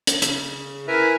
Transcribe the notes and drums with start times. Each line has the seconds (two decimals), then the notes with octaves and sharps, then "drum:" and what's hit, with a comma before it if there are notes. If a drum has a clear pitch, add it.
0.07 drum: hi-hat
0.22 C#3, drum: hi-hat
0.88 E4 A#4 B4 E5 G#5 A#5